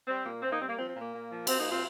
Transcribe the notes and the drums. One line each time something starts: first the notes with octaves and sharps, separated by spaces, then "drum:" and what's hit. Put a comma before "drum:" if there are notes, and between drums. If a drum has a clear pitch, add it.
G3 C4
A#2 A#3
A#2 C4
A#3 D#4
G3 C4
A#3
F3 C4
C4
A#2
A#3
A#2
F3
F3 C4, drum: cymbal
A#3 D#4
A#2
C4 F4